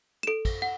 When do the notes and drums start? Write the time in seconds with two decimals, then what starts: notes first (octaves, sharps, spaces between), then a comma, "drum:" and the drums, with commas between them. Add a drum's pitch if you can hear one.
0.23 E7
0.27 A4 D7
0.45 drum: kick, cymbal
0.62 F#5